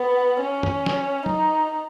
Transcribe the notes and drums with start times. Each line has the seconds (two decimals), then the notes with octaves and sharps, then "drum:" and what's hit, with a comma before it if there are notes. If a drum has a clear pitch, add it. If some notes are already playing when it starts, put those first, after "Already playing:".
Already playing: B3
0.41 C#4
0.63 drum: tom
0.86 drum: snare
1.26 D#4, drum: tom F#3